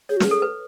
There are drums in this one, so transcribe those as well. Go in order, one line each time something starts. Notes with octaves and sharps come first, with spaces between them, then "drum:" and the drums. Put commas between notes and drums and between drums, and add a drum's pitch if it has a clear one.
G#4 C#5
F#4
G#4 B4, drum: snare
A4
B4